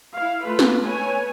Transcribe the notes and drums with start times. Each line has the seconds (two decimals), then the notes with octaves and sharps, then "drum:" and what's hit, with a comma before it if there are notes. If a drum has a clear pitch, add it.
0.15 E4 F5
0.44 A3 F4 A4 B4
0.59 drum: snare
0.80 A3 B4 C#5 G#5